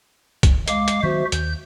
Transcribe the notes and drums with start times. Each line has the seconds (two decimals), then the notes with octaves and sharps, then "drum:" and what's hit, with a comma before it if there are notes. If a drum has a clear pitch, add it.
0.43 drum: kick, hi-hat
0.68 G#3 F5 D6, drum: hi-hat
0.88 drum: hi-hat
1.03 D#3 F#3 B3 F#4 C5 E5
1.32 D#2 G6, drum: hi-hat